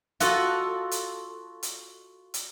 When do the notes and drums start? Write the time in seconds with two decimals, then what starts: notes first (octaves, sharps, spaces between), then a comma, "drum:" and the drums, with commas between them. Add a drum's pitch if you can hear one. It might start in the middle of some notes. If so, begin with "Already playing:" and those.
0.20 F4 F#4 A4 D#5 F#5, drum: hi-hat
0.91 drum: hi-hat
1.63 drum: hi-hat
2.34 drum: hi-hat